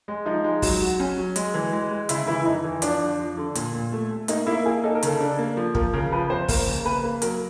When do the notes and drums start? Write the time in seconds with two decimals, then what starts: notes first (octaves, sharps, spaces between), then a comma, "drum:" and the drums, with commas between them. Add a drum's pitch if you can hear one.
0.08 G#3
0.26 F3 D#4
0.44 G#3
0.62 F#3, drum: kick, open hi-hat
0.81 F#4
1.00 C#4
1.17 F#3
1.36 G#3, drum: hi-hat
1.54 E3
1.73 G#3
1.91 G#3
2.09 C#3 E4, drum: hi-hat
2.27 E3 E4
2.40 E4
2.45 F2 D#4
2.64 E3
2.82 F3 D4, drum: hi-hat
3.01 F2
3.19 F3
3.37 D3
3.55 A#2, drum: hi-hat
3.74 A#2
3.92 A3
4.11 A3
4.28 A#3 D#4, drum: hi-hat
4.47 A#3 E4
4.66 A#3 G#4
4.84 D#4 A4
4.95 A#4
5.03 C#3 A4, drum: hi-hat
5.20 D4
5.39 A#3
5.57 F3
5.75 F3 A#4, drum: kick
5.93 C#3 A#4
6.12 F3 B4
6.30 F2 C5
6.48 A#3 A#4, drum: kick, open hi-hat
6.67 C#3
6.85 A#3 B4
7.04 A#3
7.22 F#3 A#4, drum: hi-hat